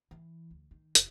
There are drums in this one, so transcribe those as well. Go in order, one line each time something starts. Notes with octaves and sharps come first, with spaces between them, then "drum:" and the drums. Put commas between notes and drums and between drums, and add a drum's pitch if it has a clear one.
E3
D2
D#3
F1, drum: hi-hat